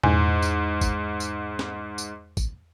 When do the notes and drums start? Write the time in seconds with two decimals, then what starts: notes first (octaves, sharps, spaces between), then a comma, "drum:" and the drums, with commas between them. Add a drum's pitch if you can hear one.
0.04 E2 G#2, drum: tom A#2
0.42 drum: tambourine
0.81 drum: kick, tambourine
1.20 drum: tambourine
1.59 drum: snare
1.98 drum: tambourine
2.37 drum: kick, tambourine